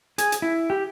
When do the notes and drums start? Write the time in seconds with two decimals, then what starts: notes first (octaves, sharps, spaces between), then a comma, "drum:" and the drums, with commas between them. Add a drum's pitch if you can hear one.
0.18 G#4, drum: hi-hat
0.32 drum: hi-hat
0.42 E4
0.70 G4